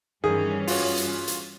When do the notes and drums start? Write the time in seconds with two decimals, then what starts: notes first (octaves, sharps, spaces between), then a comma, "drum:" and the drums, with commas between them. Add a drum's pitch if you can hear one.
0.24 G2 D#3 E3 C#4 G#4
0.67 F4 F#4 C#5, drum: open hi-hat
0.97 drum: hi-hat
1.27 drum: hi-hat